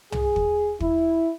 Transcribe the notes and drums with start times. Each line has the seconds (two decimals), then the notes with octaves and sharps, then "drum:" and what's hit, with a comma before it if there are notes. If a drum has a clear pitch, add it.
0.12 G#4, drum: tom
0.36 drum: kick
0.80 E4, drum: kick